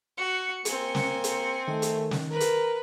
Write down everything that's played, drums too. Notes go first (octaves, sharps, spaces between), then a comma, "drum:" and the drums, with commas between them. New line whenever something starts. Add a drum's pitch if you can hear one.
F#4 C#7
A#3 C4 G#5, drum: hi-hat
drum: snare
drum: hi-hat
D#3 A3
drum: hi-hat
drum: snare
A#4 B4
drum: hi-hat